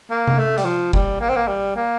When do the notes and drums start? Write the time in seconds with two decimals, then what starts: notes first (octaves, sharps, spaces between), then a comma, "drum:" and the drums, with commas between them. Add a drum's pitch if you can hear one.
0.10 A#3
0.27 drum: tom C3
0.38 A3
0.58 G3, drum: hi-hat
0.65 F3
0.93 G3, drum: kick F1
1.20 A#3
1.29 C4
1.36 A#3
1.48 G3
1.76 A#3